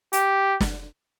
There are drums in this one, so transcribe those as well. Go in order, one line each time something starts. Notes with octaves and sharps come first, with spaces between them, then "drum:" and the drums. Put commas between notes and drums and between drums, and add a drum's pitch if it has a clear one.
G4, drum: hi-hat
drum: snare